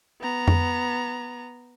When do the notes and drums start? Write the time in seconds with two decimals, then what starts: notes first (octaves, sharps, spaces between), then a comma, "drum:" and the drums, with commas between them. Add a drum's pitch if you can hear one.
0.21 B3 A#5
0.48 drum: tom F2